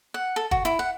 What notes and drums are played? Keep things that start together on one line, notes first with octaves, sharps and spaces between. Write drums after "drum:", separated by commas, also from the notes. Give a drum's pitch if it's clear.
F#5
A4
F#4, drum: kick
E4, drum: hi-hat
F#5